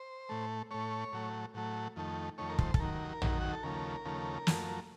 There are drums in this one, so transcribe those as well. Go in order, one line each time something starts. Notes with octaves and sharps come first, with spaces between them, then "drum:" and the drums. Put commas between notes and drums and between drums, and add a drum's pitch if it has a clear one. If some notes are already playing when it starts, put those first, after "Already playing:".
Already playing: C5
A2 A3
A2 A3 C#5
A2 F#3 A3
A2 F#3 A3
F2 D#3 A3
F2 D#3 A3 C#5
A#4
C5, drum: kick
A4, drum: kick
D#2 D#3 F#3 A#4
D#2 D#3 F#3, drum: tom
F#4
A4
D#2 C#3 F3 A3 A#4
D#2 C#3 F3 A3
F#2 F3 A3, drum: snare